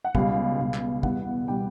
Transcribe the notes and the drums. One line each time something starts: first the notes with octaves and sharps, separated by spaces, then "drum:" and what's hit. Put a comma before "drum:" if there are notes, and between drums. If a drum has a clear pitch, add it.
F#5
C#2 B2 G3 F5, drum: kick
C#2 B2 G3
drum: clap
E2 B2 G3 F#5, drum: kick
B2 G3 G5